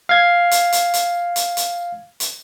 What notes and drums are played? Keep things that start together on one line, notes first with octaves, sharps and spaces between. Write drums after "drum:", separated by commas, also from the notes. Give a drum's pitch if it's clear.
F5 G#6
drum: hi-hat
drum: hi-hat
drum: hi-hat
drum: hi-hat
drum: hi-hat
drum: hi-hat